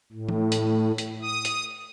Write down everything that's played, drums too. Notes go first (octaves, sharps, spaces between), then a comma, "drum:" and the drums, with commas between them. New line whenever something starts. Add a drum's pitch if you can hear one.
A2
drum: tom E3
drum: hi-hat
drum: hi-hat
D#6
drum: hi-hat